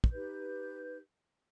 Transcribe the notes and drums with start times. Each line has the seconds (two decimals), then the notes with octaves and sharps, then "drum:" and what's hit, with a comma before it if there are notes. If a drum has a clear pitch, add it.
0.04 drum: kick
0.13 D#4 G4 B4 G6